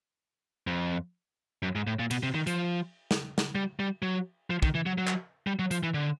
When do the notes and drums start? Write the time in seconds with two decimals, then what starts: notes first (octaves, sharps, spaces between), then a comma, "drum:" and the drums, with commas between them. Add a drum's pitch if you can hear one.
0.67 F2
1.63 F#2
1.75 G#2
1.87 A2
1.99 A#2
2.11 B2, drum: cymbal
2.23 C3
2.35 D#3
2.47 F3, drum: hi-hat
3.11 drum: snare
3.38 drum: snare
3.55 G3
3.79 G3
4.02 F#3
4.50 F3
4.63 D#3, drum: kick
4.75 E3
4.86 F#3
4.98 F#3
5.07 drum: clap
5.47 G3
5.59 F#3
5.71 F3, drum: hi-hat
5.83 E3
5.94 D3